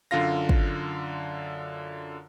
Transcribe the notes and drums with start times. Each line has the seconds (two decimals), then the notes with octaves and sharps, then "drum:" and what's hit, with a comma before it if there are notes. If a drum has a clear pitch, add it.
0.11 F#2 D3 D4 F4 F5 A#6
0.49 drum: kick